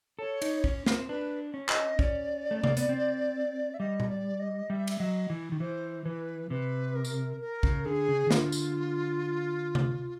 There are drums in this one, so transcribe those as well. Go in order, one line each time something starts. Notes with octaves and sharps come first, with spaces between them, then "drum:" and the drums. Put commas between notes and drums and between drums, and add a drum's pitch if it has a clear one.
A4 C#5
D#4, drum: cymbal
C#4, drum: kick
C4, drum: snare
D4 B4
C#4
D#5, drum: clap
C#4 D5, drum: kick
A3
A#3, drum: tom C3
B3, drum: hi-hat
C4
E5
G3 D#5
drum: tom A#2
D5
D#5
G3 E5
drum: cymbal
F#3 D#5
E3
D#3
E3 C5
E3 B4
C3 B4
A#4
drum: tambourine
A#4
C#3, drum: kick
D3 G#4
C#3
D#3
D3 F4, drum: snare
drum: tambourine
drum: tom C3